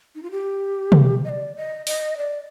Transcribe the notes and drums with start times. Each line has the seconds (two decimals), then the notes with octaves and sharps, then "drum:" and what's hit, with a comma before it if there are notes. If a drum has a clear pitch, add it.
0.15 D#4
0.23 F4
0.31 G4
0.92 drum: tom
1.24 D#5
1.29 D5
1.56 D#5
1.87 D#5, drum: open hi-hat
2.17 D5